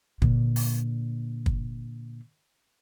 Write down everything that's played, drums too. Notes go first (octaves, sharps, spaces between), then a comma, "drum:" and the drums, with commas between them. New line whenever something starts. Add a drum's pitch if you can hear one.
A#2 D3, drum: kick
drum: open hi-hat
drum: kick